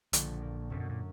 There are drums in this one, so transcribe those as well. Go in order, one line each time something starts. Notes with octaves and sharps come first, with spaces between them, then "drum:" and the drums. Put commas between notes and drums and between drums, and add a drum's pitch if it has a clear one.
A#1 A#2 D3, drum: hi-hat
A#3
F#2 C3
B2
A#2